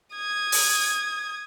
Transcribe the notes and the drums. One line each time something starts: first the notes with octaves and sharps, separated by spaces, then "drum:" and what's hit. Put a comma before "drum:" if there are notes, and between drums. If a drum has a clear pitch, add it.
D#6 G#6
drum: open hi-hat